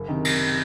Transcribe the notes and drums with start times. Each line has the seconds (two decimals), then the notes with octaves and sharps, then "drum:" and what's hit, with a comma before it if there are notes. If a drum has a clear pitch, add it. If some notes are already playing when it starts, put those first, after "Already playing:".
Already playing: F#1
0.08 C3 D#3
0.25 drum: cymbal